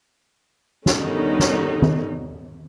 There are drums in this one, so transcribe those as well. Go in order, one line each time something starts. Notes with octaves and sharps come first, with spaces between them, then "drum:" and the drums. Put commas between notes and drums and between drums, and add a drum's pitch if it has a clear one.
D3 D#3 G3 B3 C#4 D#4, drum: snare
drum: snare
drum: tom D#3